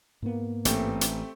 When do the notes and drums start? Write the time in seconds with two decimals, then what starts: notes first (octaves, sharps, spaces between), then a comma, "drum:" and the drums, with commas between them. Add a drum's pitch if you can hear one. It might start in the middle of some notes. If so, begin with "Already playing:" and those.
0.22 G#2 A#3 B3
0.65 A1 A3 C4 G4, drum: hi-hat
1.01 drum: hi-hat